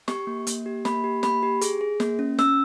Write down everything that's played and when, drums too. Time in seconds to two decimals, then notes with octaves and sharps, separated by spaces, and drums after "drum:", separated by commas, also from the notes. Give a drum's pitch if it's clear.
0.08 G4 C#6, drum: snare
0.27 A#3
0.47 A#3, drum: hi-hat
0.66 G4
0.85 A#3 B5, drum: snare
1.04 G4
1.23 A#3 B5, drum: snare
1.43 G4
1.61 G#4, drum: hi-hat
1.81 G#4
2.00 A#3, drum: snare
2.19 C#4
2.39 C#4 E6, drum: snare